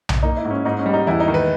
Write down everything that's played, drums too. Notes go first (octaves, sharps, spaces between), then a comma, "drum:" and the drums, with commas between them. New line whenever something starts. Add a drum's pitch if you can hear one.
drum: tom B1
A#3 D#4
E4
G#2
C#4
G#2 D#4
C#4
G3
D#4
E2 E4
D#4
D#3
B4